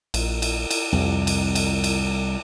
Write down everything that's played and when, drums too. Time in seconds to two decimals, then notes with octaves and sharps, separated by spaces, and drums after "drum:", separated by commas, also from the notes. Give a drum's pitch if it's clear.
0.14 A#1, drum: cymbal
0.42 drum: cymbal
0.71 drum: cymbal
0.93 C2 F2
1.27 drum: cymbal
1.55 drum: cymbal
1.84 drum: cymbal